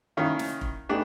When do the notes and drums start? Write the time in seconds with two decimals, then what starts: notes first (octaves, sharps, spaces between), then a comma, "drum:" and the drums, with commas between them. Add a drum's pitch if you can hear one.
0.17 D#3 A#3 C#4 E4 F4
0.39 drum: snare
0.61 drum: kick F1
0.89 A3 B3 D4 D#4 G4 G#4